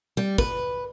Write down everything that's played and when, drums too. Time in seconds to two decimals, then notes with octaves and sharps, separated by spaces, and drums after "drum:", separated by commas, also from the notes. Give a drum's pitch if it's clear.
0.17 G3
0.38 B4, drum: kick